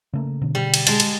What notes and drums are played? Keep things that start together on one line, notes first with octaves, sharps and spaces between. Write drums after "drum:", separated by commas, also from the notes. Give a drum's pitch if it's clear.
C#3 A3 A#3
B2 D3
G3
drum: cymbal
G#3 A5, drum: cymbal
drum: cymbal